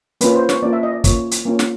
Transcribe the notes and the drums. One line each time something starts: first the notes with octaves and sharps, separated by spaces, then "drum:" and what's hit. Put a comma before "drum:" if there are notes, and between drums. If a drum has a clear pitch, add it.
A#3 C#4 F4 B4, drum: hi-hat
C5
C#5, drum: snare
A#3 C#4 F4 D5
E5
D#5
D5
A#3 C#4 F4 C#5, drum: kick, hi-hat
drum: hi-hat
A#3 C#4 F4
drum: snare